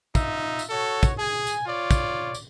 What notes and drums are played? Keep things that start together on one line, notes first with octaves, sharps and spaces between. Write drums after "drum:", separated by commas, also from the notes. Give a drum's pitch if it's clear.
D#4 F4 E5, drum: kick, tambourine
drum: tambourine
F#4 A4 C#5
drum: kick, tambourine
G#4 G#5
drum: tambourine
F4 C#5 D5
drum: kick, tambourine
drum: tambourine